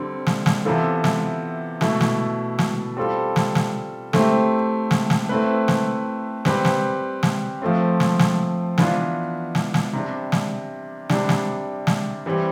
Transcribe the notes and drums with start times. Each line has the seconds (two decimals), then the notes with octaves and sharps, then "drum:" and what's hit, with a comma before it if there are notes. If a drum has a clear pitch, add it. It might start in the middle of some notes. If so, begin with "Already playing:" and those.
Already playing: D3 G3 C4
0.27 drum: snare
0.46 drum: snare
0.65 C3 E3 B3 F4 A4
1.04 drum: snare
1.81 B2 A3 E4, drum: snare
2.01 drum: snare
2.59 drum: snare
2.97 G3 C4 F4 A4
3.36 drum: snare
3.55 drum: snare
4.13 A3 C4 E4 G4, drum: snare
4.91 drum: snare
5.10 drum: snare
5.29 A3 C4 E4 B4
5.68 drum: snare
6.45 G3 C4 G4 B4, drum: snare
6.65 drum: snare
7.23 drum: snare
7.62 F3 A3 C4
8.00 drum: snare
8.19 drum: snare
8.78 E3 B3 D4 F4, drum: snare
9.55 drum: snare
9.74 drum: snare
9.93 C3 G3 D4
10.32 drum: snare
11.09 C3 G3 D4, drum: snare
11.29 drum: snare
11.87 drum: snare
12.26 E3 G3 C4 G4